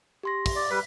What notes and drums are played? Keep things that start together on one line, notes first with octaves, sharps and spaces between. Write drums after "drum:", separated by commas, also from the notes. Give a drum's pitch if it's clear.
G4 C6 A#6
drum: kick, open hi-hat
D5
G3 B4 B6